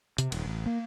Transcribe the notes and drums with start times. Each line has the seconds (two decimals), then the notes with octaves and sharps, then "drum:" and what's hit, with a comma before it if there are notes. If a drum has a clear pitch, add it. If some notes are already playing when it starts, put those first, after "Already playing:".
0.18 C3, drum: hi-hat
0.32 D#1, drum: cymbal
0.46 A1
0.66 A#3